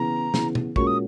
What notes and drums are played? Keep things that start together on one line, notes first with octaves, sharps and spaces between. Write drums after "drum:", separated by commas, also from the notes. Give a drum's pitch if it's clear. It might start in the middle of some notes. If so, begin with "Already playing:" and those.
Already playing: C#3 E3 B3 A#5
C#3 E3 B3, drum: snare
drum: tom B2
A#2 G#3 C#4 F#4 A#4 C#6, drum: kick
D#6